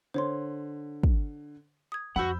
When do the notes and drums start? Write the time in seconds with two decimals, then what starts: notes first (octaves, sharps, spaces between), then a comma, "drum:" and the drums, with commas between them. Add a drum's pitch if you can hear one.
0.14 D3 C5 C#5 C6
1.03 drum: kick
1.92 D#6 G#6
2.16 F2 F#4 F#5 B5 E6 G6